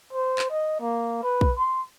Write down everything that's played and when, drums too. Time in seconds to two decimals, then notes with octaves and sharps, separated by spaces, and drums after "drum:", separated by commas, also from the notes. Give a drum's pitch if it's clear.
0.13 C5
0.39 drum: clap
0.50 D#5
0.80 A#3
1.23 B4
1.41 drum: kick
1.58 C6